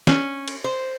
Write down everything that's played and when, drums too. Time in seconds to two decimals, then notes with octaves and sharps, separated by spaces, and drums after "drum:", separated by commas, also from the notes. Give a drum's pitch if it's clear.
0.07 C#4, drum: snare
0.48 drum: cymbal
0.64 C5